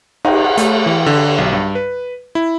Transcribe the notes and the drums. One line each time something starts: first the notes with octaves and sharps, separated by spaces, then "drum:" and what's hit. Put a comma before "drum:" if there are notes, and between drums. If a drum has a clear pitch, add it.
D#4, drum: cymbal
F#5
A3, drum: hi-hat
E3
D3
B1
G2
B4
E4